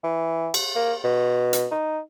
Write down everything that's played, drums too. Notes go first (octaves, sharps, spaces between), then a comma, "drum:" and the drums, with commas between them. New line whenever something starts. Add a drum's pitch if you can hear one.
E3
drum: cymbal
A#3
B2
drum: hi-hat
D#4